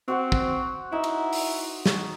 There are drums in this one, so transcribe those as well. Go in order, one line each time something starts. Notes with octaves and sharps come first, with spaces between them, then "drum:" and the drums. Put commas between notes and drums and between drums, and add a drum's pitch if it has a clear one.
C4 F#4 C5 F#5
drum: kick
D#4 E4
drum: cymbal
drum: open hi-hat
C#6, drum: snare